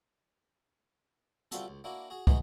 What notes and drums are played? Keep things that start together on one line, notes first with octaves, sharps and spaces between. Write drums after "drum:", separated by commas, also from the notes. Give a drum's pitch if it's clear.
C3 G3 F4 F#4 A4, drum: hi-hat
C#2
A#3 D4 E4 F#4
F#4 G#4
E3 G#3 B3 D#4 F#4 G#4, drum: kick